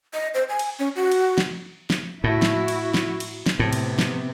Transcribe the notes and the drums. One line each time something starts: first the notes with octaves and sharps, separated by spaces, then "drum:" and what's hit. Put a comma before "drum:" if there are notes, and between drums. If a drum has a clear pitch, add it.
D#5
C5
G#5
drum: cymbal
C#4
F#4
drum: cymbal
drum: snare
drum: snare
A2 E4 F#4
drum: snare
drum: cymbal
drum: snare
drum: cymbal
drum: snare
A2 C3 B3
drum: cymbal
drum: snare